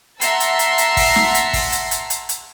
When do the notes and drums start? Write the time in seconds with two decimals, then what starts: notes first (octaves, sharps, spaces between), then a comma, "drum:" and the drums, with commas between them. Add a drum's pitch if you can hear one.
0.21 E5 F#5 A5 A#5 C6 E6, drum: hi-hat
0.40 drum: hi-hat
0.59 drum: hi-hat
0.78 drum: hi-hat
0.97 drum: kick, open hi-hat
1.16 drum: snare
1.34 drum: hi-hat
1.53 drum: kick, open hi-hat
1.72 drum: hi-hat
1.91 drum: hi-hat
2.10 drum: hi-hat
2.29 drum: hi-hat